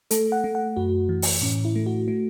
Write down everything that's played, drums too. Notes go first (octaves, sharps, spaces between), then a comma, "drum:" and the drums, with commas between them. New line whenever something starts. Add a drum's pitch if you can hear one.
A3 A4, drum: hi-hat
F#5
A3
F#5
F#2 F#4
E3
drum: open hi-hat
A2 C#4
E4
A3
F#4
A3